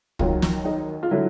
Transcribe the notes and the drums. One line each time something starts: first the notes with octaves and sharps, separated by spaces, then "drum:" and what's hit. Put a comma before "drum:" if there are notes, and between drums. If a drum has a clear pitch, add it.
D#2 D#3 F#3 F4, drum: kick
drum: snare
D#4
F4
D3 F#3 E4